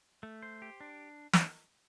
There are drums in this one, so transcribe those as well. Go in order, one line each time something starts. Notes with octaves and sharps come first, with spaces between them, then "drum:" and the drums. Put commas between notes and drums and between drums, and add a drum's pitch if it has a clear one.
A3
C5
G4
D4
drum: snare